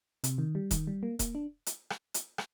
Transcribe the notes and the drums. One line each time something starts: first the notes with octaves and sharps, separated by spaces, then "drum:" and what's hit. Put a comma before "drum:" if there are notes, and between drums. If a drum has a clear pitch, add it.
C3, drum: hi-hat
D#3
G3
D#3, drum: kick D#1, hi-hat
G3
A#3
A#3, drum: kick D#1, hi-hat
D4
drum: hi-hat
drum: rim click
drum: hi-hat
drum: rim click